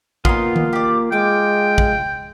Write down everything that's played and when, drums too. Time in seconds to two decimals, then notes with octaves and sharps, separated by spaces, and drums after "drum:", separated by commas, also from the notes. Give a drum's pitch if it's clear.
0.25 A#3 B3 C#4 D#4 F4 C6, drum: kick
0.56 drum: tom D#3
0.73 G4 D5
1.12 G#3 G5 D6
1.78 drum: kick